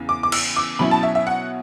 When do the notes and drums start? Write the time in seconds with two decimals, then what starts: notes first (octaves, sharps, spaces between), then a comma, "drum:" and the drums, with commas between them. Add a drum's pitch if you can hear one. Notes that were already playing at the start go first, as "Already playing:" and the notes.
Already playing: E2 C#3
0.09 D6
0.23 D6
0.32 E6, drum: cymbal
0.56 D6
0.79 B2 F#3 C#4 E4 B5
0.91 A5
1.03 E5
1.15 E5
1.27 F#5